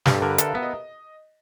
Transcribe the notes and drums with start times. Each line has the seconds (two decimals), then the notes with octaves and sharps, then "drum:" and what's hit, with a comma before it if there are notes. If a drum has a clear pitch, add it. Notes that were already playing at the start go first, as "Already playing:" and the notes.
0.06 G2 G4, drum: snare
0.14 A4
0.22 D3 A#4
0.30 B4
0.38 A4 E5, drum: hi-hat
0.46 F5
0.54 B3 E5
0.62 D#5